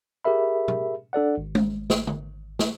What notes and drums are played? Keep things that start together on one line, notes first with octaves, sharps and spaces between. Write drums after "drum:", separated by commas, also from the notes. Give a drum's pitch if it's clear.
G4 G#4 A#4 E5 B5
drum: tom B2
D4 A4 D5 F#5
G#1
drum: tom G#3
drum: snare
drum: tom D3
drum: snare